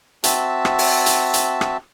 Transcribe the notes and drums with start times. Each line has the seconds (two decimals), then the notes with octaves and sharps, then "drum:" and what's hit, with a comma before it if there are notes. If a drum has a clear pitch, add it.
0.24 C4 F#4 E5 A5, drum: hi-hat
0.65 drum: rim click
0.79 drum: open hi-hat
1.06 drum: hi-hat
1.34 drum: hi-hat
1.61 drum: rim click